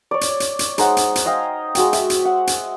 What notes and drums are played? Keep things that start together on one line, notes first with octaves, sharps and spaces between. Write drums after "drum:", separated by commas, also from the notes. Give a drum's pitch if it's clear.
C#5 D5
drum: hi-hat
drum: hi-hat
drum: hi-hat
G#3 D#4 C5 F#5, drum: hi-hat
drum: hi-hat
drum: hi-hat
D#5 F5 G5 G#5
G#3 F#4 G5, drum: hi-hat
E5, drum: hi-hat
drum: hi-hat
F#5
drum: hi-hat